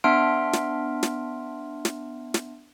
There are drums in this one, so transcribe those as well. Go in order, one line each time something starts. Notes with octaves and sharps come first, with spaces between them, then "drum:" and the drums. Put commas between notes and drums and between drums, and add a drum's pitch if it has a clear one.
B3 D4 E5 C6 F6 D7
drum: snare
drum: snare
drum: snare
drum: snare